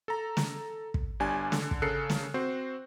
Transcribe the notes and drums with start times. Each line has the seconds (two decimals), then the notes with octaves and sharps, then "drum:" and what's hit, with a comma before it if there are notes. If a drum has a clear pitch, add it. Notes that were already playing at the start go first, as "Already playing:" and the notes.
0.08 A4 A#5
0.37 drum: snare
0.94 drum: kick
1.20 G1 G3 D4 G#5
1.52 D3, drum: snare
1.71 drum: kick
1.82 C#3 A4 A#4 F#6 C7 C#7
2.10 drum: snare
2.34 C4 F#4 C5